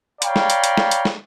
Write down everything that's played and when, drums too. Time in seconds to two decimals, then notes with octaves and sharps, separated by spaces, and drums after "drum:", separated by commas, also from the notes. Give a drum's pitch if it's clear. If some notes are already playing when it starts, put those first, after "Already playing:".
0.22 C#5 D5 F5 G5 A#5 B5, drum: hi-hat
0.36 drum: snare
0.50 drum: hi-hat
0.64 drum: hi-hat
0.78 drum: snare
0.91 drum: hi-hat
1.05 drum: snare